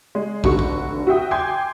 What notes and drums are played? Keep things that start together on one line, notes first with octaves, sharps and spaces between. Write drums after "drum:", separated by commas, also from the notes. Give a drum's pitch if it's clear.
G#3
F1 D3 F#4 C#6, drum: kick
drum: kick
F#4 E5 G5 D#6
G5 G#5 C6 D6 G6 G#6